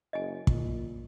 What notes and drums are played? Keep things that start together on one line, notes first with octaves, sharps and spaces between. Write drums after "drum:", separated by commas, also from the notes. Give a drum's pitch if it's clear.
F#1 D#5 G#5
A#2, drum: kick